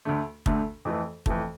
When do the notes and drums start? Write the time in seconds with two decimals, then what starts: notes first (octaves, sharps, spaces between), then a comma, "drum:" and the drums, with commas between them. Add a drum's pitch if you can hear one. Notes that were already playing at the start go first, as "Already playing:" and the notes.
0.05 D2 D3 A3
0.46 D2 D3 A3, drum: kick
0.85 F2 E3 A3
1.26 F2 E3 A3, drum: kick